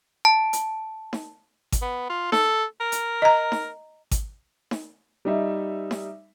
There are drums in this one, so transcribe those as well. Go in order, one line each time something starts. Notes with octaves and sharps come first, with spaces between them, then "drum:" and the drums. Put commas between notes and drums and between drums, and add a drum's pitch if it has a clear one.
A5
drum: hi-hat
drum: snare D#4
drum: kick G#1, hi-hat
B3
F4
A4, drum: snare D#4
A#4
drum: hi-hat
D#5 A#5
drum: snare D#4
drum: kick G#1, hi-hat
drum: snare D#4
G3 D#4 E5
drum: snare D#4